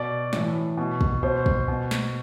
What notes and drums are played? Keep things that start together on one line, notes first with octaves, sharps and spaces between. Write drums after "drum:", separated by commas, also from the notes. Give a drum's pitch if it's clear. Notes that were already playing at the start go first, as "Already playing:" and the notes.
Already playing: B2 D5
A2 E3, drum: snare
B2
drum: kick
B2 C5
drum: kick
B2
drum: snare